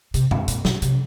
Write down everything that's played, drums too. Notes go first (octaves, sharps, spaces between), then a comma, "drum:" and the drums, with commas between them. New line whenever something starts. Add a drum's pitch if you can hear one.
C3, drum: hi-hat
B2, drum: tom F#2
A#2, drum: hi-hat
B2, drum: snare
C3, drum: hi-hat